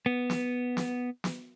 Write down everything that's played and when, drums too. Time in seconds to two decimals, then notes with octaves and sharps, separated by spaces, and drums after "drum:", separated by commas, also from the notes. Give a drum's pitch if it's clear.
0.06 B3
0.30 drum: snare
0.77 drum: snare
1.24 drum: snare